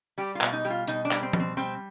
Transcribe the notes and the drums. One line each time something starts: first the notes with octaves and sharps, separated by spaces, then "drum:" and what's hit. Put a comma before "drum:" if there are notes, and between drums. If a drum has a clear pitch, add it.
G3 G4
F4
B2, drum: clap
D#4
G3 G4
F4
B2 D#4, drum: hi-hat
D4
G3, drum: clap
C4
B2, drum: tom F3
C4
G3 C4